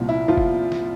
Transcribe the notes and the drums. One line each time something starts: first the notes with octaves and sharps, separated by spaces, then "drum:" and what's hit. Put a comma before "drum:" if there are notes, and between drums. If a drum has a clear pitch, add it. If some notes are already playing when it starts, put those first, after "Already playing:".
Already playing: C2 A#2 F3
E4
F3 F4
drum: kick
drum: snare